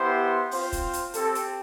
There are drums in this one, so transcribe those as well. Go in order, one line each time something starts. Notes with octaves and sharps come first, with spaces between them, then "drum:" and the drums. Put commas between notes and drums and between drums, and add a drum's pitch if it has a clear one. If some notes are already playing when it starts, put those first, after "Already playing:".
Already playing: B3 E4 G4 C5
C4 F4 C5, drum: open hi-hat
drum: kick, hi-hat
drum: hi-hat
C4 G4 A4, drum: hi-hat
drum: hi-hat